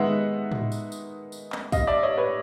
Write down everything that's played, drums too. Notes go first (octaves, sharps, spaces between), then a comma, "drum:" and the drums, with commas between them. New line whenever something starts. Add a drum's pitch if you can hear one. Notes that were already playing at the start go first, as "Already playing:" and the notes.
Already playing: D#3 G#3 B3 D#4 E5 F#5
drum: tom A2
drum: tambourine
drum: tambourine
drum: tambourine
drum: clap
D#5 F5, drum: kick, tambourine
D5 E5
C#5 D#5
B4 C#5